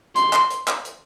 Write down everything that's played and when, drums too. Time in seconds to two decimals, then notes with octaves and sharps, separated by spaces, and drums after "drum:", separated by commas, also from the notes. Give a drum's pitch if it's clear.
0.16 C6, drum: hi-hat
0.33 drum: clap
0.50 drum: hi-hat
0.68 drum: clap
0.85 drum: hi-hat